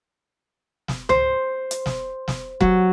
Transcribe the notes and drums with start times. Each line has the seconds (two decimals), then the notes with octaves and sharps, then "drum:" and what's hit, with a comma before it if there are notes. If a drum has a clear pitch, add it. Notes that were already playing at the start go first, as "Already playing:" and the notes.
0.88 drum: snare
1.09 C5, drum: tom C#2
1.71 drum: hi-hat
1.86 drum: snare
2.28 drum: snare
2.60 F#3, drum: kick F1